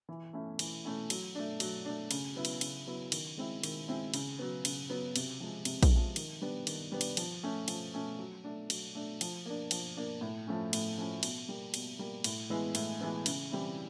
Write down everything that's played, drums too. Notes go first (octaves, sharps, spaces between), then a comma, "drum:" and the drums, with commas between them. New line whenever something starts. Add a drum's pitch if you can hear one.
E3
A3 C#4 E4
E3, drum: cymbal
A3 C#4 E4
F#3, drum: cymbal
A3 D4
F#3, drum: cymbal
A3 D4
C#3, drum: cymbal
F#3 B3 E4
drum: cymbal
C#3, drum: cymbal
F#3 B3 E4
D#3, drum: cymbal
G#3 C4 E4
D#3, drum: cymbal
G#3 C4 E4
C#3, drum: cymbal
F#3 B3
C#3, drum: cymbal
F#3 B3
C3, drum: cymbal
F3 G#3
C3, drum: cymbal
drum: kick A#1, cymbal
F3 G#3
D#3, drum: cymbal
G3 B3 D4
D#3, drum: cymbal
G3 B3 D4
drum: cymbal
F3, drum: cymbal
A3 C#4
F3, drum: cymbal
A3 C#4
F#3
A3 D4
F#3, drum: cymbal
A3 D4
F3, drum: cymbal
A#3 D4
F3, drum: cymbal
A#3 D4
A2
F3 A3 C#4
A2, drum: cymbal
F3 A3 C#4
B2, drum: cymbal
G3 A#3
B2, drum: cymbal
G3 A#3
A2, drum: cymbal
E3 G#3 B3 E4
A2, drum: cymbal
E3 G#3 B3 E4
C#3, drum: cymbal
E3 G3 C4 E4